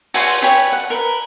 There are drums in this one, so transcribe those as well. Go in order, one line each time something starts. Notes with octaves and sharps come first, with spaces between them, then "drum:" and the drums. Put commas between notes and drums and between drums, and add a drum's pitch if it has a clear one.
F#4 G#5 C6, drum: cymbal
drum: open hi-hat
G4 B4 C#5 G#5
F#5
A#4 B4